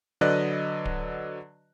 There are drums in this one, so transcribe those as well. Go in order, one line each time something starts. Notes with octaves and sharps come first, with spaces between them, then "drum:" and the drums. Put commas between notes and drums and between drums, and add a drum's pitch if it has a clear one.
D3 F#3 B4 D5 D#5 F#6
drum: kick D1